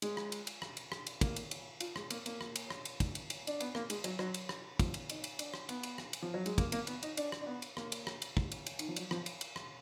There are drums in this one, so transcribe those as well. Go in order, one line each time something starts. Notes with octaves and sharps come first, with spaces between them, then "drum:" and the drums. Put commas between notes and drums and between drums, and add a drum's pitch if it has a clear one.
G#3, drum: cymbal
drum: rim click
drum: cymbal
drum: cymbal
drum: rim click
drum: cymbal
drum: rim click
drum: cymbal
A#3, drum: kick, cymbal
drum: cymbal
drum: cymbal
F4, drum: cymbal
G#3, drum: rim click
A#3, drum: cymbal
A#3, drum: cymbal
drum: rim click
drum: cymbal
drum: rim click
drum: cymbal
drum: kick, cymbal
drum: cymbal
drum: cymbal
D4, drum: cymbal
B3, drum: cymbal
A#3, drum: rim click
G#3, drum: cymbal
F#3, drum: cymbal
F#3, drum: rim click
drum: cymbal
drum: rim click
F3, drum: kick, cymbal
drum: cymbal
D#4, drum: cymbal
drum: cymbal
D4, drum: cymbal
drum: rim click
B3, drum: cymbal
drum: cymbal
drum: rim click
drum: cymbal
F3
F#3
G#3, drum: cymbal
A#3, drum: kick, cymbal
A#3, drum: cymbal
B3, drum: cymbal
D#4, drum: cymbal
D4, drum: cymbal
drum: rim click
D4
B3
drum: cymbal
A#3, drum: rim click
drum: cymbal
drum: rim click
drum: cymbal
drum: kick
drum: cymbal
drum: cymbal
D#3, drum: cymbal
F3
F#3, drum: cymbal
F3, drum: rim click
drum: cymbal
drum: cymbal
drum: rim click